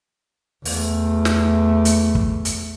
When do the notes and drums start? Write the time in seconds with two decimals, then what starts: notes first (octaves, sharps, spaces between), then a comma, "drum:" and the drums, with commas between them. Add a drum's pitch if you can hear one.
0.65 E2 A3, drum: open hi-hat
1.25 drum: snare
1.85 drum: hi-hat
2.15 drum: kick
2.45 drum: hi-hat